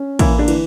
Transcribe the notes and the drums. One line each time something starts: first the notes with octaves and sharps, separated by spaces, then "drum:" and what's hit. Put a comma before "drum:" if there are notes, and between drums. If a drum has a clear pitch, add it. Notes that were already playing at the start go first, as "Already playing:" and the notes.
Already playing: C#4
E3 A#3 E4, drum: kick, cymbal
D3 D4
E3, drum: cymbal